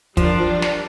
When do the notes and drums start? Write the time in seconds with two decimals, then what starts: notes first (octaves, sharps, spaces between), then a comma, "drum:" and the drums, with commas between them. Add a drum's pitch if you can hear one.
0.17 F3 G3 D4 F4 A#4 D5, drum: kick, hi-hat
0.62 drum: snare